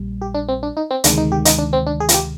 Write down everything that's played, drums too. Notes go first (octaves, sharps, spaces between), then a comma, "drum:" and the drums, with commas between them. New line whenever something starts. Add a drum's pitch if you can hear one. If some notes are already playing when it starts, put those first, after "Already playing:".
Already playing: A#1 A#2 G3
G4
D4
C4
D4
D#4
C4
D2 C3 D#3 G#3 D4, drum: hi-hat
D#4
G4
D#4, drum: hi-hat
D4
C4
D4
G#4
F4, drum: hi-hat
G4